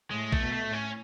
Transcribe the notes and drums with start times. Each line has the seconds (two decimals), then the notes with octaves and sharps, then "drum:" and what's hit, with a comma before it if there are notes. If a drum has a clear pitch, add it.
0.11 A2 G#3
0.32 A3, drum: kick A#1
0.39 B2
0.52 A3
0.66 A2
0.73 C#4